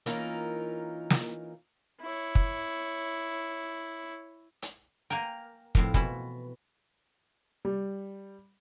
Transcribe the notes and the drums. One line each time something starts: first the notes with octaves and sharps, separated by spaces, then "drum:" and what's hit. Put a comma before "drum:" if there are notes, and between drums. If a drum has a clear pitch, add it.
E3 A#3 C#4 D#4 F4 A#4, drum: hi-hat
drum: snare
E4 C#5
drum: kick
drum: hi-hat
A#3 A#4 G5 G#5 A#5
F2 A2 C4, drum: kick
B2 E3 E4, drum: kick
G3